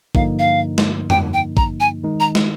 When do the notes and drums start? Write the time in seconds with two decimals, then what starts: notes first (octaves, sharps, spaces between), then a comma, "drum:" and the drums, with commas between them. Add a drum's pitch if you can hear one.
0.15 G2 D3 F3 A#3 D#4 F5, drum: kick
0.39 F5
0.78 drum: snare
1.10 G5, drum: tom F2
1.33 G5
1.57 A#5, drum: kick
1.80 G#5
2.04 D#3 G#3 D#4
2.20 A#5
2.35 drum: snare